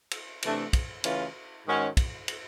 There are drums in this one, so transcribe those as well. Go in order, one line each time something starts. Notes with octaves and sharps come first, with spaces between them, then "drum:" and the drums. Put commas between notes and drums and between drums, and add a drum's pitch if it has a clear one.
drum: cymbal
C3 E3 A3 D4, drum: cymbal
drum: kick, cymbal
C#3 E3 A3 C#4 F4, drum: cymbal
G#2 D#3 G#3 C#4 F#4
drum: kick, cymbal
drum: cymbal